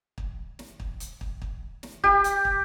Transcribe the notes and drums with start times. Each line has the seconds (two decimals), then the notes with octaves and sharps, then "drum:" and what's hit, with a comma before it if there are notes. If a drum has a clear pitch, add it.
0.18 drum: kick
0.59 drum: snare
0.80 drum: kick
1.00 drum: hi-hat
1.21 drum: kick
1.42 drum: kick
1.83 drum: snare
2.04 G4, drum: kick
2.24 drum: hi-hat
2.45 drum: kick